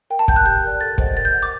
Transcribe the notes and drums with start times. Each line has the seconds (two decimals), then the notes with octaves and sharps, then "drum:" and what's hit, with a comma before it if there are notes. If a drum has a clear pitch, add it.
0.10 A#4 G5
0.19 A5
0.28 F#5 G6, drum: kick
0.36 F#6
0.45 G4 G6
0.64 A#4 D5
0.81 A4 A6
0.98 C5 D#5 F#5, drum: kick
1.16 A#4 A6
1.25 G6
1.34 F#5
1.43 D6